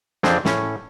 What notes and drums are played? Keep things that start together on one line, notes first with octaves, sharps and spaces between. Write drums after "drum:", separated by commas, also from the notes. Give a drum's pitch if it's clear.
F2 C4 D4 G#4 G5 A5, drum: snare
A2 C#4, drum: snare